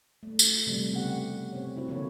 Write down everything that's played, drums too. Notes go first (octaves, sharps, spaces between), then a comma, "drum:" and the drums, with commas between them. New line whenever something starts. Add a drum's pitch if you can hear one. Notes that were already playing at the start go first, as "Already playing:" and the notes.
A3
drum: tambourine
C3 F3 G3 A3
C#3 B3 G4 F#5
C3 C4 C#5
C4 E4 F#4
D3 F3 A#3 E4 C#5